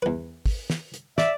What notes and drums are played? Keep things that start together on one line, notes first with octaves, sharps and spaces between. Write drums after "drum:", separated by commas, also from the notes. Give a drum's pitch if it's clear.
E2 B4
drum: kick, open hi-hat
drum: snare
drum: hi-hat
D5 E5, drum: snare